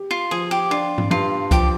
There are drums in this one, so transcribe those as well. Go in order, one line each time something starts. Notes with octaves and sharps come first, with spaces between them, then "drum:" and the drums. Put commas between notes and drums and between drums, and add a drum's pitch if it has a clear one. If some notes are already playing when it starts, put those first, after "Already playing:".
Already playing: G4
F4
F3 G#4
G4
D4 F4
drum: tom G#2
G2 F4
F3 G4, drum: kick C2, hi-hat